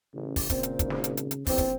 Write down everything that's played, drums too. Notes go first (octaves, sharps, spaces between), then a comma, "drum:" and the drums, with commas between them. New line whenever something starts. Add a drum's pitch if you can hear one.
A1 C#3
drum: kick, open hi-hat
A#2 C4 C5, drum: kick, hi-hat
drum: hi-hat
G#1, drum: kick, hi-hat
drum: snare
drum: hi-hat
drum: hi-hat
drum: hi-hat
A#1 E2 C4 C5, drum: kick, open hi-hat
drum: kick, hi-hat